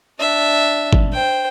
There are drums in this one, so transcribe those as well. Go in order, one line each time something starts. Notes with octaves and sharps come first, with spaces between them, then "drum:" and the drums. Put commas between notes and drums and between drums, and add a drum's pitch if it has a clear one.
D4 E5
drum: kick G1
C5 G5